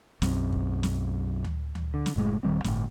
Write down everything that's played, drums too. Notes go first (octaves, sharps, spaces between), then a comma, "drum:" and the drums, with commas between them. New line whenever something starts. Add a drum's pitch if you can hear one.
B1 F#2 C4, drum: snare
drum: kick
drum: snare
drum: tom D2
drum: tom D2
D3
drum: snare
F#1 A2 C3 G#3
D#1 D#3 G3 C4
G1 C2 A2, drum: snare